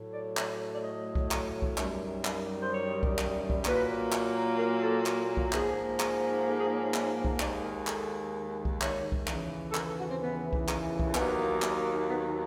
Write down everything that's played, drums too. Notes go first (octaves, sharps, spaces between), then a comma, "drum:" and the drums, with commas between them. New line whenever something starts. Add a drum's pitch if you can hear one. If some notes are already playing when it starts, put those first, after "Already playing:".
Already playing: A2 F#3 A3
D5
C#5, drum: clap
C#5
D5
D#5
drum: kick B1
drum: clap
drum: kick B1
F#2 D#3 G3, drum: clap
drum: clap
C5
C#5
drum: kick B1
drum: clap
drum: kick B1
A#2 F#3 A#3 B4, drum: clap
drum: clap
A#4
A4
drum: clap
drum: kick B1
G#2 F3 A#3 G#4, drum: clap
drum: clap
A4
G#4
C#5
C#5
C#5, drum: clap
drum: kick B1
D#2 D#3 G#3 D5, drum: clap
A#4
A4, drum: clap
drum: kick B1
C#5, drum: clap
drum: kick B1
D#2 C#3 E3, drum: clap
A4
A#4, drum: clap
A4
F#4
C4
B3
drum: kick B1
drum: clap
drum: kick B1
D#2 D#3 F#3 A#3 B3, drum: clap
drum: clap
B3